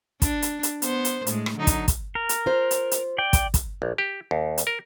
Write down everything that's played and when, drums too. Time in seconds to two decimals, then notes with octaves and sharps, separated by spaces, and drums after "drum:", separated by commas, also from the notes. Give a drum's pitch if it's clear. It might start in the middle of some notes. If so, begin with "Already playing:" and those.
0.22 D4, drum: kick, hi-hat
0.42 drum: hi-hat
0.63 drum: hi-hat
0.82 B3 C5, drum: hi-hat
1.05 drum: hi-hat
1.27 A2 G#3, drum: hi-hat
1.46 drum: rim click
1.58 D3 F#3 D#4
1.67 drum: kick, hi-hat
1.88 drum: kick, hi-hat
2.15 A#4
2.29 drum: hi-hat
2.46 F4 C5
2.71 drum: hi-hat
2.91 drum: hi-hat
3.18 D5 G5
3.33 drum: kick, hi-hat
3.54 drum: kick, hi-hat
3.82 A#1
3.98 G4
4.31 D#2
4.58 drum: hi-hat
4.67 A#4